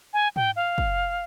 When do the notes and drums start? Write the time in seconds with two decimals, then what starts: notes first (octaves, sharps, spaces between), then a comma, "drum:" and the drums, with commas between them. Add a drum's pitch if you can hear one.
0.13 G#5
0.36 G5, drum: tom
0.56 F5
0.78 drum: kick